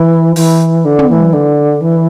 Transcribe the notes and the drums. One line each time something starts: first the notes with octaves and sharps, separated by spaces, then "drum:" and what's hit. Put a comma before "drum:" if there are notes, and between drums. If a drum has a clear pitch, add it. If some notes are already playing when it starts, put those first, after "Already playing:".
Already playing: E3
E3, drum: open hi-hat
D3
drum: tom
E3
D3
E3